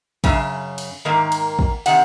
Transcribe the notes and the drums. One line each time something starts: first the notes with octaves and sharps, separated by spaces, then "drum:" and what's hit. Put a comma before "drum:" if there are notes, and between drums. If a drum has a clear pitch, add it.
F#2 C#3, drum: kick A1, cymbal
drum: cymbal
G#2 D#3 A#3
drum: cymbal
drum: kick A1
C3 D#3 F#5, drum: cymbal